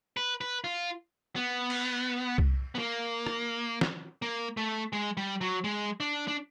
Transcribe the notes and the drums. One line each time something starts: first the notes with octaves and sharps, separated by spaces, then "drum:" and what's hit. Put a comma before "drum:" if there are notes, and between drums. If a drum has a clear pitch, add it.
B4
B4
F4
B3
drum: cymbal
drum: kick C2
B3
A#3
drum: rim click
drum: snare
A#3
A3
G#3
G3
F#3
G#3
D4
D4